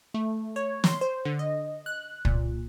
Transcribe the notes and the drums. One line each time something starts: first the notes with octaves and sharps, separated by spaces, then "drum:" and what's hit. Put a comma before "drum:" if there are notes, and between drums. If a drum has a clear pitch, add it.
A3
C#5
C6, drum: snare
C5
D3
D#5
F#6
A#2, drum: kick